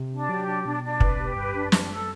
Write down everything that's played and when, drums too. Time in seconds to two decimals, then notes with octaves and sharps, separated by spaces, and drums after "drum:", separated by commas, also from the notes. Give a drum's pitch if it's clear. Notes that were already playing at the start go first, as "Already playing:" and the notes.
Already playing: C3
0.12 D4
0.29 F#3 G4
0.47 D4
0.64 B2 D4
0.83 D4
1.00 C3 B4, drum: kick
1.19 B2 G4
1.36 G2 B4
1.53 F#2 D4
1.72 D4, drum: snare
1.90 A4